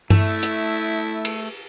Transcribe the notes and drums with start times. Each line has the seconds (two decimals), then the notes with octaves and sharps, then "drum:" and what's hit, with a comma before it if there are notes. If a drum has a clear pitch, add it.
0.10 A3 E4, drum: tom G2
0.43 drum: hi-hat
1.25 drum: cymbal